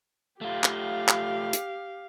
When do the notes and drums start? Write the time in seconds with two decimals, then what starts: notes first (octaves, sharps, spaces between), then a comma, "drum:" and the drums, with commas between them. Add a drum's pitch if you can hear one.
0.41 A3 F4 G4 F5
0.64 drum: clap
1.08 drum: clap
1.53 drum: hi-hat